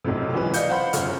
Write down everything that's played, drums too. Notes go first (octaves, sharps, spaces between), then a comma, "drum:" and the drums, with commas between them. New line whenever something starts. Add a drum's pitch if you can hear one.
B1 F#2 A2 C3
C#2 E3 F#3 G#3 C#4 B4
D5 D#5 F5 G6 C#7, drum: hi-hat
F4 C5 F#5 B5 C6
G1 F#2 C#3 C#6 F6, drum: hi-hat